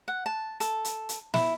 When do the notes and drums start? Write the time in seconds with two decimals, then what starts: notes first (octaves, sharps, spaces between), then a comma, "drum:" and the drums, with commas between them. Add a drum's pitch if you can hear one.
0.08 F#5
0.26 A5
0.60 A4, drum: hi-hat
0.85 drum: hi-hat
1.09 drum: hi-hat
1.34 E4, drum: snare